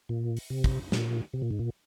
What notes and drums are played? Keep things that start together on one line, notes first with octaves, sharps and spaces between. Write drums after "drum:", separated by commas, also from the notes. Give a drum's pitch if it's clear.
A#2
drum: open hi-hat
C3
drum: kick
A#2, drum: snare
C3
A#2
G#2
A#2